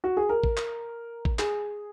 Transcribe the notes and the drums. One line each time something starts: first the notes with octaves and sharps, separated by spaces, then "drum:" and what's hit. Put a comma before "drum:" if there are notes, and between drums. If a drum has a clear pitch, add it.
F#4
G#4
A#4
drum: kick
drum: clap
drum: kick
G#4, drum: clap